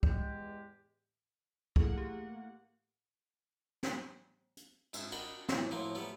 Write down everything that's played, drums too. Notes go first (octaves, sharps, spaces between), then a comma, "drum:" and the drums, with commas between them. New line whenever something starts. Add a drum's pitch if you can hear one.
E2 G#3 G4, drum: kick
A3 A#3 E4 G#4 F#5 C#6, drum: kick
G4
drum: snare
drum: hi-hat
G#2 E5, drum: cymbal
D4 F#4 A#4 D#5 G5 B5
A2 E3, drum: snare
F2 A2 F#3 A#3 C4
F#3 G3 A3 B3